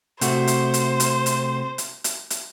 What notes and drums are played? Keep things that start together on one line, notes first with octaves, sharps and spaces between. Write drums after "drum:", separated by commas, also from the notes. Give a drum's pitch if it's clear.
C3 A3 F#4 C5, drum: hi-hat
drum: hi-hat
drum: hi-hat
drum: hi-hat
drum: hi-hat
drum: hi-hat
drum: hi-hat
drum: hi-hat